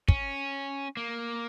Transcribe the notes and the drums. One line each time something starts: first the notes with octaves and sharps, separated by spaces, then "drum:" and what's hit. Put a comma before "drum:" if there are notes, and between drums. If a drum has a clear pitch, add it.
C#4, drum: kick
A#3